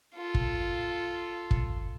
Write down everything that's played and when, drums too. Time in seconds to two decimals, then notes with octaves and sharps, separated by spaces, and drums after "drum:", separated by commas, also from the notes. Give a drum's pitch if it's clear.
0.15 F4 A4
0.34 drum: kick
1.51 drum: kick